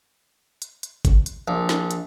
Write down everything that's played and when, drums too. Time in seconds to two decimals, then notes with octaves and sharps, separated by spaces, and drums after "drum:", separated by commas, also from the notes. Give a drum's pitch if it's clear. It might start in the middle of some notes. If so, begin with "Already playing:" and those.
0.62 drum: hi-hat
0.83 drum: hi-hat
1.05 drum: kick G1, hi-hat
1.26 drum: hi-hat
1.48 A#1
1.69 drum: snare
1.91 drum: hi-hat